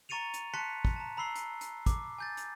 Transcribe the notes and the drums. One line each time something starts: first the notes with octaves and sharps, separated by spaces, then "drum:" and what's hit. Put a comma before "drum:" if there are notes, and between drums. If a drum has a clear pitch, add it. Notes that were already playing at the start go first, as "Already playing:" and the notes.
A#5 C#6 A6 C#7 D#7 F7
drum: hi-hat
A5 C6 F#6 B6 C#7
drum: kick
A5 A#5
A#5 B5 E6 C7 G7
drum: hi-hat
drum: hi-hat
D6, drum: kick, hi-hat
G#5 G6 A6
drum: hi-hat